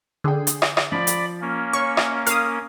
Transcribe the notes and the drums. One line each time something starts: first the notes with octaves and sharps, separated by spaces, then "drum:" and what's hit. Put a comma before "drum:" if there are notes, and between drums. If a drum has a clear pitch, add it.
D3 G#4 G5
drum: hi-hat
drum: rim click
drum: rim click
F3 D5 B5
drum: hi-hat
A#3 C#4
C#5 C#6
drum: rim click
A#4 F5 D#6, drum: hi-hat